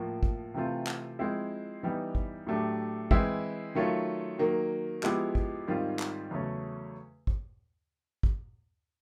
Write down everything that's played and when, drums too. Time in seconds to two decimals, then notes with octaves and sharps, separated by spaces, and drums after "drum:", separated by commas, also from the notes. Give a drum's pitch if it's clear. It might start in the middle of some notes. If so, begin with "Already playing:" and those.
Already playing: A2 F3 A#3
0.23 drum: kick
0.54 C3 E3 A3 C4 F4
0.87 drum: clap
1.19 F3 G#3 C4 E4
1.83 E3 G3 B3 D#4
2.15 drum: kick
2.47 A2 F#3 A3 D4 G4
3.11 E3 G#3 C4 E4, drum: kick
3.75 D#3 F#3 A3 C#4 F4
4.39 D#3 F#3 A#3
5.03 F3 G#3 B3 E4 G4, drum: clap
5.35 drum: kick
5.67 G#2 D#3 G3 C4 F4
5.99 drum: clap
6.31 E2 C#3 F#3 A3 C#4
7.27 drum: kick
8.23 drum: kick